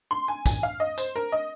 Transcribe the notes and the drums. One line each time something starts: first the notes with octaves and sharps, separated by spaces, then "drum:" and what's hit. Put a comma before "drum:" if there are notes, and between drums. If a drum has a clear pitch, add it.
C6
G#5
G#5, drum: kick, tambourine
F5
D#5
C5, drum: tambourine
A#4
D#5